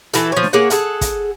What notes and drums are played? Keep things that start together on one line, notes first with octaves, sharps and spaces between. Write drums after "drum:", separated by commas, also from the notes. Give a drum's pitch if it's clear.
E3 F#4 A4, drum: hi-hat
F3 C#5
drum: snare D4
A#3 G#4 C#5 F#5
G#4 A4 F#5, drum: hi-hat
drum: kick, hi-hat